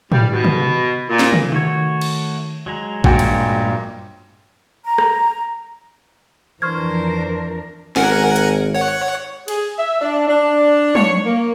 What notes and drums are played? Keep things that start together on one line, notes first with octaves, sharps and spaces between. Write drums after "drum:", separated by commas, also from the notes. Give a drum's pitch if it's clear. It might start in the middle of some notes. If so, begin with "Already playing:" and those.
G3, drum: tom
B2
drum: tom
A#2
drum: snare
drum: tom
D#3 A3 F#4 C#5
drum: cymbal
F#3 G#3 A#5 G#6
G2 A#2 F#4 G5 G#5, drum: kick A1
drum: cymbal
A#5
drum: rim click
F2 E3 D4 A#4 C5 C#6 F6 G#6
G#1 A#4 F#5 G#5, drum: snare
drum: hi-hat
C#5 F#5
G#4, drum: cymbal
E5
D4
D4
C#5, drum: tom
A#3